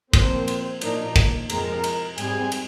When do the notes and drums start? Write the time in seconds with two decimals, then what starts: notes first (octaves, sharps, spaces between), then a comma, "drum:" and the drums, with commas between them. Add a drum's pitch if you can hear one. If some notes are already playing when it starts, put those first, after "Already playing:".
0.13 A#2 F3 A#3 C4 C5, drum: kick, cymbal
0.48 drum: cymbal
0.81 A#2 F3 A#3 D4 D#4 D#5, drum: cymbal
1.16 drum: kick, cymbal
1.50 F2 C3 F3 G#3 C4 A#4 A#5, drum: cymbal
1.84 drum: cymbal
2.18 G#2 G3 C4 G#4 G#5, drum: cymbal
2.52 drum: cymbal